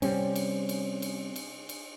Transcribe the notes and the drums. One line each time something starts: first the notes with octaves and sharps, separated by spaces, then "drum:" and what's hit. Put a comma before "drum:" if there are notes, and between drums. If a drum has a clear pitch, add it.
C3 G3 C4 C#4, drum: cymbal
drum: cymbal
drum: cymbal
drum: cymbal
drum: cymbal
drum: cymbal